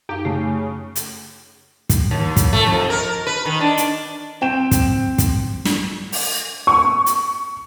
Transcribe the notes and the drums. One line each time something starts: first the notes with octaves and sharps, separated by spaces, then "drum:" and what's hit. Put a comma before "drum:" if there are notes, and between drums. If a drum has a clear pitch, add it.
F#2 D#4 G4 F5
C#3 A3
drum: hi-hat
drum: kick, hi-hat
D#2
drum: kick, hi-hat
A3
F2
A#4
B4
D#3
D4
drum: hi-hat
C4 G5 E7
drum: kick, hi-hat
drum: kick, hi-hat
drum: snare
drum: open hi-hat
C#6
drum: hi-hat